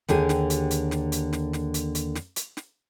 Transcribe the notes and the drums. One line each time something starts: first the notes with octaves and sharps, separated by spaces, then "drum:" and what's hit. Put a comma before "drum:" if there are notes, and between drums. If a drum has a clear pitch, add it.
D#2 D3 G4 G#4, drum: snare
drum: snare
drum: hi-hat
drum: hi-hat
drum: snare
drum: hi-hat
drum: snare
drum: snare
drum: hi-hat
drum: hi-hat
drum: snare
drum: hi-hat
drum: snare